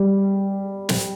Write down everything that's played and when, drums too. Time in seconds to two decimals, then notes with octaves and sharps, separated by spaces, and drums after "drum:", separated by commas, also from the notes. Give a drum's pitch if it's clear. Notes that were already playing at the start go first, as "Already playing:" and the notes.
Already playing: G3
0.89 drum: snare